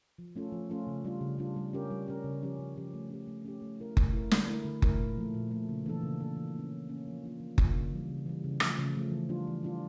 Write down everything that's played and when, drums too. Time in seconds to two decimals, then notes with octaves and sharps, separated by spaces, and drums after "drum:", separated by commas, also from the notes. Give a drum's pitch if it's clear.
0.19 F3
0.36 A3 C#4 F4 A4
0.53 F3
0.70 A3 C#4 F4 A4
0.87 C#3
1.05 G3 D4 F4
1.21 C#3
1.39 G3 D4 F4
1.56 G3
1.73 C#4 G4 A#4
1.90 G3
2.08 C#4 G4 A#4
2.24 C#3
2.42 F3 C#4 G4
2.59 C#3
2.76 F3 C#4 G4
2.94 A3
3.10 C#4 G4
3.27 A3
3.45 C#4 G4
3.62 A3
3.79 E4 A#4
3.97 A3, drum: kick F#1
4.13 E4 A#4
4.31 D3, drum: snare
4.49 A3 E4 A#4
4.65 D3
4.82 A3 E4 A#4, drum: kick F#1
5.00 A#2
5.17 F3 A3
5.34 A#2
5.51 F3 A3
5.69 C#3
5.86 E3 A#3 D4 A4
6.03 C#3
6.20 E3 A#3 D4 A4
6.37 E3
6.54 A#3
6.59 C#4
6.72 E3
6.89 A#3 C#4
7.07 F3
7.23 A#3 D4 F4
7.40 F3
7.58 A#3 D4 F4, drum: kick F#1
7.74 C#3
7.92 E3 G3
8.10 C#3
8.26 E3 G3
8.44 C#3
8.60 F3 A3, drum: rim click
8.78 C#3
8.96 F3 A3
9.12 E3
9.29 G3 D4 F4
9.47 E3
9.63 G3 D4 F4